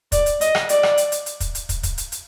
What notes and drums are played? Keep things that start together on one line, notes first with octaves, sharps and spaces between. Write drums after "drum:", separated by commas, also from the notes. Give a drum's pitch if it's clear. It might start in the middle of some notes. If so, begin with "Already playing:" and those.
D5, drum: kick, hi-hat
drum: hi-hat
D#5, drum: hi-hat
drum: rim click
D5, drum: hi-hat
drum: rim click
drum: hi-hat
drum: hi-hat
drum: hi-hat
drum: kick, hi-hat
drum: hi-hat
drum: kick, hi-hat
drum: kick, hi-hat
drum: hi-hat
drum: hi-hat